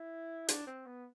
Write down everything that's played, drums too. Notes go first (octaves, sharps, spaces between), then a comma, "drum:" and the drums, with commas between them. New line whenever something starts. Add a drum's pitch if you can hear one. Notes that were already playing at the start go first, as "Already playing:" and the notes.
Already playing: E4
D4, drum: hi-hat
C4
B3